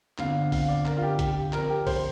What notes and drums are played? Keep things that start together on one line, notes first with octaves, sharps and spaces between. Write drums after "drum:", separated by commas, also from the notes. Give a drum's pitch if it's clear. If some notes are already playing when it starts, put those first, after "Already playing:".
G1 F2 D3 F5, drum: clap
F5, drum: kick A#1, open hi-hat
D5
A#4, drum: clap
F4
G4
G4, drum: kick A#1, hi-hat
F2 F3 D4 F4 A#4, drum: clap
G4
C5, drum: kick A#1, open hi-hat